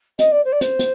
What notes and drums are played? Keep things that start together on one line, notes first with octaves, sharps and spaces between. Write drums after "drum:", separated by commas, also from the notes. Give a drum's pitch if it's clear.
D#5, drum: hi-hat
D5
C5
D5
C5, drum: hi-hat
drum: hi-hat